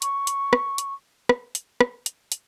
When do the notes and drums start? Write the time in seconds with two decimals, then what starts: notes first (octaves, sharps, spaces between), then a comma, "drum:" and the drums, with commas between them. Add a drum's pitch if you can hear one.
0.02 C#6, drum: hi-hat
0.27 drum: hi-hat
0.53 drum: rim click
0.78 drum: hi-hat
1.29 drum: rim click
1.55 drum: hi-hat
1.81 drum: rim click
2.06 drum: hi-hat
2.32 drum: hi-hat